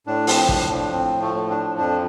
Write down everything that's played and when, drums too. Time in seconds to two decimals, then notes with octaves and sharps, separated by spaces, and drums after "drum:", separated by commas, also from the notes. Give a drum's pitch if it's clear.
0.07 A2 D4
0.27 F3 C4, drum: open hi-hat
0.49 A2 D4, drum: kick
0.70 F3 D4
0.92 A2 C4
1.14 F3
1.21 A3
1.35 A2
1.50 D4
1.57 F3
1.78 F2 D4